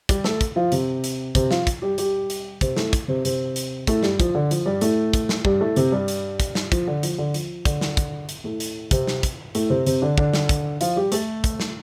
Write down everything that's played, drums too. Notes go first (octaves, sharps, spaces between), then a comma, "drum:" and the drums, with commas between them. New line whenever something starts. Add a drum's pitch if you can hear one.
G3 G4, drum: kick, hi-hat
A3 A4, drum: snare
drum: kick, hi-hat
F3 F4
C3 C4, drum: hi-hat
drum: hi-hat
C3 C4, drum: kick, hi-hat
F3 F4, drum: snare
drum: kick, hi-hat
G3 G4
G3 G4, drum: hi-hat
drum: hi-hat
C3 C4, drum: kick, hi-hat
A2 A3, drum: snare
drum: kick, hi-hat
C3 C4
C3 C4, drum: hi-hat
drum: hi-hat
A2 A3, drum: kick, hi-hat
G2 G3, drum: snare
F3, drum: kick, hi-hat
D3
F3, drum: hi-hat
G2 G3
A2 A3, drum: hi-hat
drum: kick, hi-hat
drum: snare
G2 G3, drum: kick
A2 A3
C3 C4, drum: hi-hat
G2 G3
drum: hi-hat
drum: kick, hi-hat
drum: snare
F3, drum: kick, hi-hat
D3
F3, drum: hi-hat
D3
F3, drum: hi-hat
D3, drum: kick, hi-hat
drum: snare
drum: kick, hi-hat
drum: hi-hat
A2 A3
drum: hi-hat
C3 C4, drum: kick, hi-hat
drum: snare
drum: kick, hi-hat
A2 A3, drum: hi-hat
C3 C4
C3 C4, drum: hi-hat
D3 D4
D3 D4, drum: kick
drum: snare
drum: kick, hi-hat
F3 F4, drum: hi-hat
G3 G4
A3 A4, drum: hi-hat
drum: kick, hi-hat
drum: snare